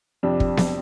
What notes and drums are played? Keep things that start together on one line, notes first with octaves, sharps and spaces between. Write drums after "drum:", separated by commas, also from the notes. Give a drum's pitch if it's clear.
F2 C3 G3 D4
drum: kick
drum: snare B3